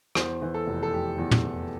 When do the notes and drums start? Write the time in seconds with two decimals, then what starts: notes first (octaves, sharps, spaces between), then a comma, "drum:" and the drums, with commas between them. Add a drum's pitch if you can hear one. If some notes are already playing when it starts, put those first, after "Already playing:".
0.15 E2 C5, drum: rim click
0.42 E3
0.54 A4
0.67 F1
0.83 A4
0.93 F1 G4
1.18 E2
1.31 drum: tom
1.44 E3